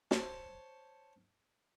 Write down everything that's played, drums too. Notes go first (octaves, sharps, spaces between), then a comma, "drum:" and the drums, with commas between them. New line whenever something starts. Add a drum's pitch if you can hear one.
C5 C#5 A5, drum: snare